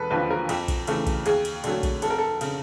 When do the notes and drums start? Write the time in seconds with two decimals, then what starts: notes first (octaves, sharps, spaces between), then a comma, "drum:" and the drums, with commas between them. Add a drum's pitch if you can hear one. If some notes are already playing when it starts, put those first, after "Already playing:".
Already playing: E1 A4 B4
0.11 D#2 D3 F3 B4
0.30 A#4
0.49 F2, drum: cymbal
0.68 drum: kick A#1, cymbal
0.87 C#3 E3 A3, drum: cymbal
1.07 drum: kick A#1, cymbal
1.26 D#2 G#4, drum: cymbal
1.45 drum: cymbal
1.64 D3 F#3 A3, drum: cymbal
1.83 drum: kick A#1, cymbal
2.02 F1 A4, drum: cymbal
2.10 A#4
2.18 A4
2.41 C#3, drum: cymbal